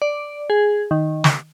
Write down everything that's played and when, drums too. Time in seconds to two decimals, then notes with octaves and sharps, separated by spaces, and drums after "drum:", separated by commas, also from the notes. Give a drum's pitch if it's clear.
0.02 D5
0.50 G#4
0.91 D#3
1.24 drum: snare